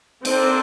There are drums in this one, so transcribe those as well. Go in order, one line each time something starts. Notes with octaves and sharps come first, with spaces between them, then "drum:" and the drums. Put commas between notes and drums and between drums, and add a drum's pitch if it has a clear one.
A#3 C4 D4 A4, drum: cymbal